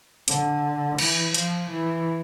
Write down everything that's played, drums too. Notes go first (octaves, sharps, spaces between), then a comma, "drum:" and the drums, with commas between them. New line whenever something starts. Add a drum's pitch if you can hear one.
D3, drum: hi-hat
E3, drum: cymbal
F3, drum: hi-hat
E3